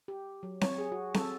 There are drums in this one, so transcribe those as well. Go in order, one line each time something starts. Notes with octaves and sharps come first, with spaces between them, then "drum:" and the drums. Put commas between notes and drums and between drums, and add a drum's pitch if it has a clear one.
G4
F#3
C#5, drum: snare C4
G#4
F#4
A4, drum: snare C4